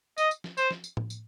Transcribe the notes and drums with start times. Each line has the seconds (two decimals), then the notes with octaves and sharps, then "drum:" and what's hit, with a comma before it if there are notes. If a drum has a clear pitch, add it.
0.18 D#5, drum: tambourine
0.31 drum: tambourine
0.44 drum: snare F3
0.57 C5, drum: tambourine
0.71 drum: snare F3
0.84 drum: tambourine
0.97 drum: tom A2
1.10 drum: tambourine